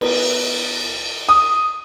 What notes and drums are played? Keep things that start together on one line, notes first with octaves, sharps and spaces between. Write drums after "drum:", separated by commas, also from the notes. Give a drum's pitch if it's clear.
B3, drum: cymbal
D#6